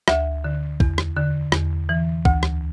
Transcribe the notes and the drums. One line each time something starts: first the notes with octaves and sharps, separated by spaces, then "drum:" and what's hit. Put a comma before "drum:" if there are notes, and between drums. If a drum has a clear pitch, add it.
D2 E5, drum: rim click
D3
E2, drum: kick
drum: rim click
D3
E2, drum: rim click
E3
D2, drum: kick
drum: rim click